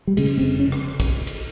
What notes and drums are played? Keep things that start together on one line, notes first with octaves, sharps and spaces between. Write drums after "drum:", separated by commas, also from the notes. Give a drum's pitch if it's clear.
G3
C#3 G#3, drum: cymbal
F1 C4
C#4
drum: rim click
drum: kick, cymbal
drum: cymbal